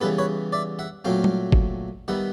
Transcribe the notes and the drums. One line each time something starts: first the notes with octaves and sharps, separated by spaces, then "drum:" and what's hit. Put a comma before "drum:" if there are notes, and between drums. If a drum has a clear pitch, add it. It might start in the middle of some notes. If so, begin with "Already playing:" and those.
C#3 E3 G3 B3 A4 B4
B4 C#5
D5 E5
E5 F#5
A#2 F#3 A3 C4 F5 G5
drum: tom G3
drum: kick
D#3 G3 B3 E5 F#5